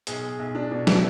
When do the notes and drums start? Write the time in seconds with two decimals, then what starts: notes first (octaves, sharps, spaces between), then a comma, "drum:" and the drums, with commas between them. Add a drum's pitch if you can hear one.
0.07 B1 G#4, drum: hi-hat
0.39 B1
0.55 D4
0.71 B2 D4
0.87 E4, drum: snare